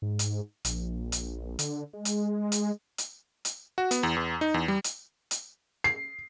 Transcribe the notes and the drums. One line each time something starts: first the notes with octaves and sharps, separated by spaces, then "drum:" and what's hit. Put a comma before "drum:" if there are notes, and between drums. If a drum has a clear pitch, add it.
G#2
drum: hi-hat
A#1, drum: hi-hat
drum: hi-hat
D3, drum: hi-hat
G#3
drum: hi-hat
drum: hi-hat
drum: hi-hat
drum: hi-hat
F#4
B3, drum: hi-hat
E2
E2
D#4
E2
G3
drum: hi-hat
drum: hi-hat
C7